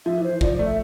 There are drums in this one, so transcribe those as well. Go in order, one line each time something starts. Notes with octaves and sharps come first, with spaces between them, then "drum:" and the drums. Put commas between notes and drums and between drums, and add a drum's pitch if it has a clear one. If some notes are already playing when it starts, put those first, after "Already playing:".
F3 E5
E3
C5
E3
F3 D5, drum: kick
D5
A3
E5